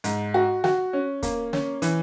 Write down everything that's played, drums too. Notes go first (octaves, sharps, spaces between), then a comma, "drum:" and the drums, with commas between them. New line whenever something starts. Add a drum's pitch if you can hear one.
G#2, drum: hi-hat
F#4
F#4, drum: snare
C#4
A#3, drum: kick, hi-hat
C#4, drum: snare
E3, drum: hi-hat